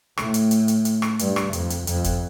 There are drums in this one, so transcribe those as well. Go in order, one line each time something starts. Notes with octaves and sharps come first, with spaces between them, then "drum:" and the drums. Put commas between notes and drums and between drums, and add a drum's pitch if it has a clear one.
A2, drum: rim click
drum: hi-hat
drum: hi-hat
drum: hi-hat
drum: hi-hat
drum: rim click
G2, drum: hi-hat
drum: rim click
F2, drum: hi-hat
drum: hi-hat
F2, drum: hi-hat
drum: kick, hi-hat